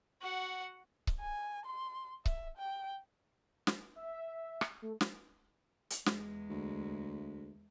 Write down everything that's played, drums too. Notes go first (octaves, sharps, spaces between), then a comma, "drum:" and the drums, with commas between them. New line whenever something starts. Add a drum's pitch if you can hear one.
F#4 F#5
drum: kick C#1
G#5
C6
E5, drum: kick C#1
G5
drum: snare
E5
drum: rim click
A3
drum: snare
drum: hi-hat
E2 G#3, drum: snare
D2